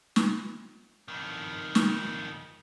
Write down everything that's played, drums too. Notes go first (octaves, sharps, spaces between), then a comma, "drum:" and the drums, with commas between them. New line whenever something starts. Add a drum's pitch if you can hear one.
drum: snare
F2 D#3
drum: snare